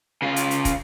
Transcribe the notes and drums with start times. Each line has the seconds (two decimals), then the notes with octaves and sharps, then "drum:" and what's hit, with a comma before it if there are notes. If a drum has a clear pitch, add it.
0.22 C#3 F4
0.36 drum: hi-hat
0.51 drum: hi-hat
0.65 drum: kick, hi-hat